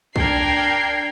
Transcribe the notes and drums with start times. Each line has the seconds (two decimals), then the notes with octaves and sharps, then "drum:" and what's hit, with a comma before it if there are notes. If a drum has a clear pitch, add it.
0.16 D4 A#4 G5 G#6 C7, drum: kick B1